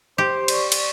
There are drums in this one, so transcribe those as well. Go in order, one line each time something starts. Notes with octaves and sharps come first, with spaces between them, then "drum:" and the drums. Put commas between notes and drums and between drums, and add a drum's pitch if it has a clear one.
G4 C5
D5 C#6, drum: cymbal
drum: cymbal